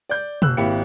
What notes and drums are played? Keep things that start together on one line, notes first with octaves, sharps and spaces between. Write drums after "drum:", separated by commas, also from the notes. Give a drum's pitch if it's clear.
D5 G6
F#1 E6 F#6, drum: tom
G#1 A#3 E4 G4 C#7